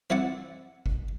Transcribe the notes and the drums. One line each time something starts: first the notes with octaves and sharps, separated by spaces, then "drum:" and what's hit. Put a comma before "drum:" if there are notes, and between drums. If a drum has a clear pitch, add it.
C4 E4 D5 F#5 A5
drum: kick G1